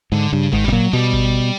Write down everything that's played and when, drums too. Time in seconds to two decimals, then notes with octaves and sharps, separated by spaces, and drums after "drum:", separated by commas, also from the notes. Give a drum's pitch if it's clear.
0.12 G#2 D3
0.33 G2 C#3
0.52 G#2 D#3, drum: kick G#1
0.65 G3
0.68 B2
0.72 A#2 F#3
0.93 B2 G3
1.13 drum: kick G#1